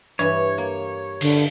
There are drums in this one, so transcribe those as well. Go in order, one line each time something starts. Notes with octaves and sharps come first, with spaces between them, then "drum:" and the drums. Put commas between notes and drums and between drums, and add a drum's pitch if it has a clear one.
G2 E3 C#5 G#5
A#3
D3, drum: open hi-hat